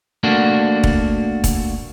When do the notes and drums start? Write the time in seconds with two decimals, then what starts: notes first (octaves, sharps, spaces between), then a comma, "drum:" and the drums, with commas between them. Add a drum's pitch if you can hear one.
0.23 A3 A#3 D4 F#4
0.84 drum: kick E1
1.44 drum: kick E1, hi-hat